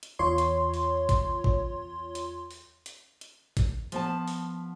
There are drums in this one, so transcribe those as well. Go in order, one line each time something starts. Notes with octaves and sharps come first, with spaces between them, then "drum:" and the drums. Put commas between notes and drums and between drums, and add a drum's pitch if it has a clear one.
drum: hi-hat
E2 F4 C#5 C6
drum: hi-hat
drum: open hi-hat
drum: kick, hi-hat
drum: kick
drum: hi-hat
drum: open hi-hat
drum: hi-hat
drum: hi-hat
drum: kick, hi-hat
F3 B3 A5, drum: hi-hat
drum: open hi-hat